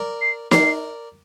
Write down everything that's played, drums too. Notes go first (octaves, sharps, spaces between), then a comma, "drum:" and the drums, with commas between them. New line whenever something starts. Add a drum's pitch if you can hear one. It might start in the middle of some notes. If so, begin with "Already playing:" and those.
Already playing: A#4 D5
C7
A#4 D5 C7, drum: snare